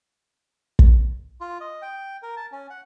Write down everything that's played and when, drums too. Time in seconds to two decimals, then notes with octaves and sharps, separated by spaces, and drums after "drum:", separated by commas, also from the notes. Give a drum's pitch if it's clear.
0.79 drum: kick
1.41 F4
1.60 D#5
1.82 G5
2.23 A#4
2.37 A5
2.52 C#4
2.70 F#5